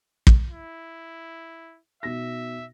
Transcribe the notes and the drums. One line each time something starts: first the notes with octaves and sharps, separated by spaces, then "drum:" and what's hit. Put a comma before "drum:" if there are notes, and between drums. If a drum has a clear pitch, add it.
drum: kick
E4
B2 D#4 E5 A#6